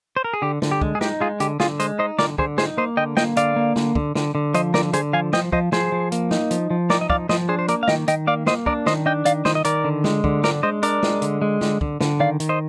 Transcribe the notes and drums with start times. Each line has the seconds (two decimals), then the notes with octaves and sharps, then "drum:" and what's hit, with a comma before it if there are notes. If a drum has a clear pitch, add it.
0.17 C5
0.24 A#4
0.33 G#4
0.42 D3 G4
0.62 D3, drum: snare
0.71 G4
0.81 G#3, drum: kick
0.95 G#4
1.01 D#4 G4, drum: snare
1.21 G#3 F4 G#4
1.40 D3 G4, drum: hi-hat
1.60 D3 F4 G#4, drum: snare
1.80 G#3 C5 D#5, drum: hi-hat
1.99 D#4 C5 D#5
2.19 D3 A#4 D5, drum: snare
2.38 D3 G#4 C5, drum: kick
2.58 D#4 G#4 C5, drum: snare
2.77 A#3 C5 D#5
2.97 D3 D#5 G5
3.17 A#3 D#5 G5, drum: snare
3.36 D3 D5 F5, drum: hi-hat
3.56 A#3
3.76 D3, drum: snare
3.95 D3, drum: kick
4.15 D3, drum: snare
4.35 D3
4.54 F3 C5 D#5, drum: hi-hat
4.74 D3 A#4 D5, drum: snare
4.93 D3 G#4 C5, drum: hi-hat
5.13 F3 F5 G#5
5.33 F3 D#5 G5, drum: snare
5.52 F3 C5 D#5, drum: kick
5.72 F3 G#4 C5, drum: snare
5.92 F3
6.12 A#3, drum: hi-hat
6.31 D#4, drum: snare
6.51 F3, drum: hi-hat
6.70 F3
6.90 D#4 A#4 D5, drum: snare
7.01 D#5
7.10 F3 D5 F5, drum: kick
7.29 F3 C5 D#5, drum: snare
7.49 D4 G#4 C5
7.59 C5
7.68 A#3 A#4 D5, drum: hi-hat
7.83 F5
7.88 D#3 D#5 G5, drum: snare
8.08 D#3 D#5 G5, drum: hi-hat
8.27 A#3 D5 F5
8.47 A#3 C5 D#5, drum: snare
8.66 D4 A#4 D5, drum: kick
8.86 D#3 C5 D#5, drum: snare
9.06 D4 D#5 G5
9.25 D#3 D5 F5, drum: hi-hat
9.45 D#3 C5 D#5, drum: snare
9.55 D#5
9.65 D#3 A#4 D5, drum: hi-hat
9.84 D3
10.04 G#3, drum: snare
10.24 D3, drum: kick
10.44 D4 A#4 D5, drum: snare
10.63 G#3 C5 D#5
10.83 D4 A#4 D5, drum: hi-hat
11.03 G#3, drum: snare
11.22 D3, drum: hi-hat
11.42 G#3
11.61 D3, drum: snare
11.81 D3, drum: kick
12.00 D3, drum: snare
12.20 D#3 D5 F5
12.40 D#3, drum: hi-hat
12.49 C5 D#5